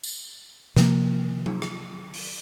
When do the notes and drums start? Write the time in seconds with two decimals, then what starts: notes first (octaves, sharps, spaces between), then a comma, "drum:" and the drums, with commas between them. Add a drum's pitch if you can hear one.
0.03 drum: tambourine
0.76 C3 F3 A#3, drum: snare
1.46 drum: tom F#3
1.62 drum: rim click
2.14 drum: open hi-hat